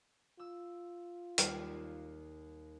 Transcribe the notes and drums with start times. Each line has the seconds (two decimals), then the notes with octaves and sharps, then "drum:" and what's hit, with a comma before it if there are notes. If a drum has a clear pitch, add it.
0.40 F4 E6
1.38 D#2 G3 F5, drum: hi-hat